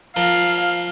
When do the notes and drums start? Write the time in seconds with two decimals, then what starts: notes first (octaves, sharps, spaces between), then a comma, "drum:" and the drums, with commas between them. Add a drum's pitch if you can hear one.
0.16 F3 A#4 F5, drum: cymbal